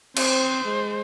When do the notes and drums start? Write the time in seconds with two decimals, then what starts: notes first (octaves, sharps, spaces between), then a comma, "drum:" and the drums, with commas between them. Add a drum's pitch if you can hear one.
0.16 C4 C5, drum: cymbal
0.65 G#3